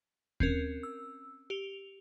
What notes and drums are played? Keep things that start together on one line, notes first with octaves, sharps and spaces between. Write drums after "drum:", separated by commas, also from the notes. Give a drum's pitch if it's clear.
C4 C#4 A#4, drum: kick D#2
E6
G4 F7